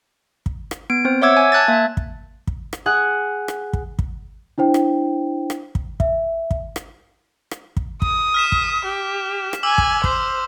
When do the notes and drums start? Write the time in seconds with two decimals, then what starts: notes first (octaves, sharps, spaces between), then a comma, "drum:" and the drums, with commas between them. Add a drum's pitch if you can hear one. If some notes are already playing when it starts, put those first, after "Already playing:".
0.46 drum: kick
0.71 drum: rim click
0.90 B3 D7
1.05 C4 C5
1.22 C#5 E5 F#5 D6 E6 G#6
1.37 G#5
1.52 A5 F#6 G#6 A6
1.68 A#3 E5
1.97 drum: kick
2.47 drum: kick
2.73 drum: rim click
2.86 G#4 F#5
3.48 drum: rim click
3.73 drum: kick
3.99 drum: kick
4.58 D4 E4 C5 G5
4.74 drum: rim click
5.50 drum: rim click
5.75 drum: kick
6.00 E5, drum: kick
6.51 drum: kick
6.76 drum: rim click
7.51 drum: rim click
7.77 drum: kick
8.02 D#6, drum: kick
8.34 F6 B6 E7
8.52 drum: kick
8.85 G4
9.53 drum: rim click
9.63 G#5 D6 E6 F#7
9.78 drum: kick
10.04 C5, drum: kick